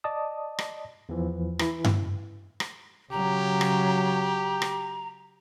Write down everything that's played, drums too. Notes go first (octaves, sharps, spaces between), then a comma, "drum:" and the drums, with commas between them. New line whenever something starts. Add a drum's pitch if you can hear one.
D5 D#5 A5 D#6
drum: rim click
E2 E3 F3
E3 E4, drum: rim click
drum: tom G2
drum: rim click
C#3 F#3 G4 A#5
drum: rim click
drum: rim click